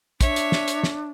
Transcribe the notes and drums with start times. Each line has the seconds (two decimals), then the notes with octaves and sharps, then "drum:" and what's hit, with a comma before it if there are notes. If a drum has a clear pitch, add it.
0.21 D4 C#5 E5, drum: kick, hi-hat
0.36 drum: hi-hat
0.52 drum: snare
0.68 drum: hi-hat
0.83 drum: snare